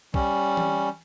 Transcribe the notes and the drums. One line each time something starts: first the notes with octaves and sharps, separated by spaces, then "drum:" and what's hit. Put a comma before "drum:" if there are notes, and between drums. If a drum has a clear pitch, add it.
G3 C#4, drum: kick
drum: tom E3